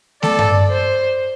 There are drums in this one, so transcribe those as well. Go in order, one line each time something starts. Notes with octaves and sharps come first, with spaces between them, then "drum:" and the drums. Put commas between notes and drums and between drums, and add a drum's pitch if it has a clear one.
A4 D5, drum: snare A3
drum: tom G2
C5